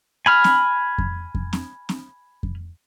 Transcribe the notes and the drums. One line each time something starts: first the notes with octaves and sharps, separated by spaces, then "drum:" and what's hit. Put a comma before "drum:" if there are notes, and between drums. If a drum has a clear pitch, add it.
G#5 B5 F6
drum: snare
drum: kick F2
drum: kick F2
drum: snare
drum: snare
drum: kick F2